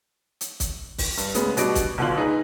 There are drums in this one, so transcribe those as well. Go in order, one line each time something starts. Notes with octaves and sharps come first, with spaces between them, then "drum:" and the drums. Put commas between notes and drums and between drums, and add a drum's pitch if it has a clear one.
drum: hi-hat
drum: kick, hi-hat
drum: kick, open hi-hat
G2, drum: hi-hat
C#3 G#3 B3, drum: hi-hat
B2 G3 D4 F#4 D#5 D7, drum: hi-hat
drum: kick, hi-hat
B1 B2 D3 F4 F#7
D#4 G#4 B4